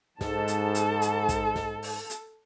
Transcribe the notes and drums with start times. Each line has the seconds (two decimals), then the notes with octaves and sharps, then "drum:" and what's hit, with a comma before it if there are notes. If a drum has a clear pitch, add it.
0.21 G#2 A4 A5, drum: snare
0.48 drum: hi-hat
0.75 drum: hi-hat
1.02 drum: hi-hat
1.29 drum: kick, hi-hat
1.56 drum: snare
1.83 drum: open hi-hat
2.10 drum: hi-hat